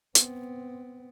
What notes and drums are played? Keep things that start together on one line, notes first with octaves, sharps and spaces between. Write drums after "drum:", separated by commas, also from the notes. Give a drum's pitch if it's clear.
B3 C4, drum: hi-hat